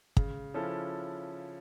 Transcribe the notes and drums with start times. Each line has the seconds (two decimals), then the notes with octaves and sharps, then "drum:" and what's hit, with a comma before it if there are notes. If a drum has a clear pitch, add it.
0.17 C#3, drum: kick
0.54 F3 C#4 E4 A4